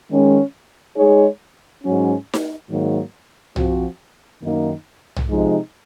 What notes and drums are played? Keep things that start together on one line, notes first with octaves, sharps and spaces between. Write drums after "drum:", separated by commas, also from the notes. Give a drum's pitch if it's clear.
D#3 G#3 C#4
G#3 D#4 G#4 C#5
G#2 F#3 C#4
drum: snare D#4
G#2 D#3 F#3 A#3
F3 C4 F#4, drum: tom B1
F#2 D#3 A#3 D#4
drum: tom B1
C3 F3 G#3 D#4